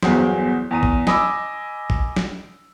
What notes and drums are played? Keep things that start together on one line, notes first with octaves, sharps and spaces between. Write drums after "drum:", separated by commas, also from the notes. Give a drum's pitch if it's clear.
G1 E2 F#3 G#4 C5, drum: snare
E2 A#5 D#7
drum: kick A1
D#5 G#5 B5 D6 E6, drum: snare
drum: kick A1
drum: snare